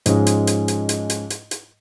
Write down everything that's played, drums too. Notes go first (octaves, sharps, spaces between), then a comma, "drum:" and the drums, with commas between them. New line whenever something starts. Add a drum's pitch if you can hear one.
G#2 F3 G#3 C#4, drum: hi-hat
drum: hi-hat
drum: hi-hat
drum: hi-hat
drum: hi-hat
drum: hi-hat
drum: hi-hat
drum: hi-hat